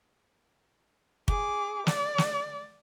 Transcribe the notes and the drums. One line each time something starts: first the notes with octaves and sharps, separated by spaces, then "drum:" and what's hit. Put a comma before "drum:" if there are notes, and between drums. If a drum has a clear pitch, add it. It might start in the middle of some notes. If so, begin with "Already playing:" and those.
G#4 D6, drum: kick
D5, drum: snare
drum: snare